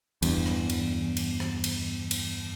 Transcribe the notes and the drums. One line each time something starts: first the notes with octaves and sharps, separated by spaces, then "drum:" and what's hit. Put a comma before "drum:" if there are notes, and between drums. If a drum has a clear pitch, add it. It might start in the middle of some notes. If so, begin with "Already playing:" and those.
E2 G2, drum: cymbal
drum: rim click
drum: cymbal
drum: cymbal
drum: rim click
drum: cymbal
drum: cymbal